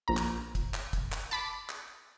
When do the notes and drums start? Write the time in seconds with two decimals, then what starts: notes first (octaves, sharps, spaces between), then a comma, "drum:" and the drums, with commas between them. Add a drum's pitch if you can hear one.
0.08 A#1 A#5
0.17 drum: clap
0.55 drum: kick, hi-hat
0.74 drum: clap
0.93 drum: kick, hi-hat
1.12 drum: clap
1.31 A5 B5 D6, drum: hi-hat
1.69 drum: clap